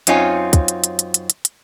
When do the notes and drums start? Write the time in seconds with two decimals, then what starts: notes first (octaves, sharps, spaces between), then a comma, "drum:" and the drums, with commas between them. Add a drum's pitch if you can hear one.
0.07 F#2 C4 D#4 F4 C#5 G#5, drum: hi-hat
0.53 drum: kick, hi-hat
0.68 drum: hi-hat
0.84 drum: hi-hat
0.99 drum: hi-hat
1.14 drum: hi-hat
1.30 drum: hi-hat
1.45 drum: hi-hat